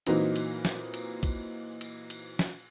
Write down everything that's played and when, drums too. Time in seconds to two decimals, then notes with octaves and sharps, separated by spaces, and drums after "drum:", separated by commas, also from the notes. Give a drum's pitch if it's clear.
0.07 A#2 E3 F#3 C4 D#4, drum: cymbal
0.36 drum: cymbal
0.65 drum: snare
0.94 drum: cymbal
1.23 drum: kick, cymbal
1.81 drum: cymbal
2.10 drum: cymbal
2.39 drum: snare